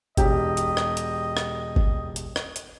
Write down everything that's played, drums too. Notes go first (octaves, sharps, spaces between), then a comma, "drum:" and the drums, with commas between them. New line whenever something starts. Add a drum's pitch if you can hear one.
E1 G4 D#5, drum: kick G1, hi-hat
drum: hi-hat
drum: rim click
drum: hi-hat
drum: rim click
drum: kick G1
drum: hi-hat
drum: rim click
drum: hi-hat